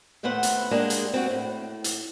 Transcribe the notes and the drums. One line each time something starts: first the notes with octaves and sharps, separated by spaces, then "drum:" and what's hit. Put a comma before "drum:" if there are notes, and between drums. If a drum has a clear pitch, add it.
D#2 A2 B3 C5 F#5
drum: hi-hat
G#3 A#3 D4 G4 G#4
drum: hi-hat
C4 F#4
A2
drum: hi-hat